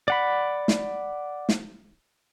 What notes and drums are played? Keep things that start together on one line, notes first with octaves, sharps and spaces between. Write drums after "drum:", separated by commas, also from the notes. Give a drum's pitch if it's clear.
D5 F#5 B5
drum: snare
drum: snare